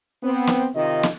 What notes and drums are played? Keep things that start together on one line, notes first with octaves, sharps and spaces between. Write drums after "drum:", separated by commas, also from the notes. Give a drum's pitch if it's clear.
B3 C4
drum: snare
C3 D#3 D#4 F4 D#5
drum: snare